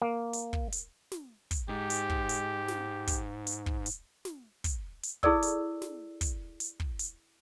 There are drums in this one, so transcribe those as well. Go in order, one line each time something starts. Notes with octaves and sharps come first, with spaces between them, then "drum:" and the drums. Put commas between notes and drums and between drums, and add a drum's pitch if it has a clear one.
A#3
drum: hi-hat
drum: kick
drum: hi-hat
drum: snare
drum: kick, hi-hat
G#2 G4
drum: hi-hat
drum: kick
drum: hi-hat
drum: snare
drum: kick, hi-hat
drum: hi-hat
drum: kick
drum: hi-hat
drum: snare
drum: kick, hi-hat
drum: hi-hat
E4 G#4 A4 D5 E6, drum: kick
drum: hi-hat
drum: snare
drum: kick, hi-hat
drum: hi-hat
drum: kick
drum: hi-hat